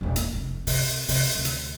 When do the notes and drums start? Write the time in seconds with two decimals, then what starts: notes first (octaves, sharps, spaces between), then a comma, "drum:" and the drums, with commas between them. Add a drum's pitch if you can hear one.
0.01 E1 A#1
0.16 A#3, drum: hi-hat
0.34 F1 F2
0.67 C3, drum: open hi-hat
1.08 C3, drum: open hi-hat
1.35 D2
1.45 drum: hi-hat